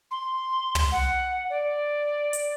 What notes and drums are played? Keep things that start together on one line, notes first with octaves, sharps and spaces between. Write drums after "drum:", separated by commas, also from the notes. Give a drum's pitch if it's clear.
C6
drum: tom
F#5
D5
drum: hi-hat